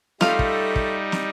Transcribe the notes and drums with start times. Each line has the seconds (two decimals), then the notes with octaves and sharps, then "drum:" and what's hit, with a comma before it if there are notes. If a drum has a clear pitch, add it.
0.21 G3 A3 D#4 F4 A4 F5, drum: snare
0.39 drum: kick
0.76 drum: kick
1.12 drum: snare